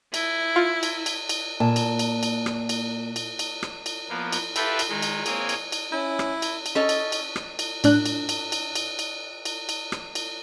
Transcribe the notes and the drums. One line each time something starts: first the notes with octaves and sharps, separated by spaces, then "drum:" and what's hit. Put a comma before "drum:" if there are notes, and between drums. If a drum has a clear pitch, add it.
E4, drum: cymbal
F4
drum: cymbal
drum: cymbal
drum: cymbal
A#2 A5
drum: cymbal
drum: cymbal
drum: cymbal
drum: rim click
drum: cymbal
drum: cymbal
drum: cymbal
drum: rim click
drum: cymbal
F3 A#3 B3
drum: cymbal
F4 G4 A4 B4 E5 G5, drum: cymbal
drum: cymbal
D#3 G#3
drum: cymbal
A#3 C4 G#4 C#5 D#6, drum: cymbal
drum: cymbal
drum: cymbal
C#4 E4
drum: rim click
drum: cymbal
drum: cymbal
C#4 A4 D#5
drum: cymbal
drum: cymbal
drum: rim click
drum: cymbal
A2 D4 F#6, drum: cymbal
drum: cymbal
drum: cymbal
drum: cymbal
drum: cymbal
drum: cymbal
drum: cymbal
drum: cymbal
drum: rim click
drum: cymbal